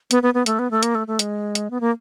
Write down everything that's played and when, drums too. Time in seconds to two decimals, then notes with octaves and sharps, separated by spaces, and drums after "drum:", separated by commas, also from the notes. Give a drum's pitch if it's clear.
0.11 B3, drum: hi-hat
0.23 B3
0.34 B3
0.46 A3, drum: hi-hat
0.59 B3
0.71 A3
0.83 A#3, drum: hi-hat
0.95 A3
1.07 A3
1.19 G#3, drum: hi-hat
1.55 drum: hi-hat
1.71 B3
1.81 A#3